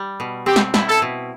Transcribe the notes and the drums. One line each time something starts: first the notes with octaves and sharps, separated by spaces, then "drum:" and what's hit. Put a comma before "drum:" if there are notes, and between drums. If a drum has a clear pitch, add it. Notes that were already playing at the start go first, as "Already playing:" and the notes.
Already playing: G3
B2
C4 G4
drum: snare
E4, drum: snare
A4
B2